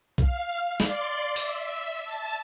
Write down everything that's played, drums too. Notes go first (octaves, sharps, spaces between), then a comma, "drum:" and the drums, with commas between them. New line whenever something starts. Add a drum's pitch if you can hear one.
F5, drum: kick
D5 C6, drum: snare
E5, drum: open hi-hat
A5